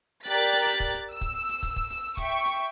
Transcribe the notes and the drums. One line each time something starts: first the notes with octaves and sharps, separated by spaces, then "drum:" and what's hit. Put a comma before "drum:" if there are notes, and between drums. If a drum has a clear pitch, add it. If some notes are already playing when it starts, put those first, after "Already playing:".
G4 A#4 D5 F#6 A6 B6, drum: hi-hat
drum: hi-hat
drum: open hi-hat
drum: kick, hi-hat
drum: hi-hat
E6
drum: kick, hi-hat
drum: hi-hat
drum: kick, hi-hat
drum: kick
drum: hi-hat
E5 G5 C#6, drum: kick, hi-hat
drum: hi-hat